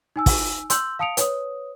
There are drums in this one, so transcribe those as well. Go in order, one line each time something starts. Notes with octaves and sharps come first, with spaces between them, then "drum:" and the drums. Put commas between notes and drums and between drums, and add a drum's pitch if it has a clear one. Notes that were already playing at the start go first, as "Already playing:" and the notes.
D#4 G#5 E6
drum: kick, open hi-hat
C6 E6 G6 F#7, drum: hi-hat
F5 A5 D#6 C#7 D7 F7
B4 C#5 D#6, drum: hi-hat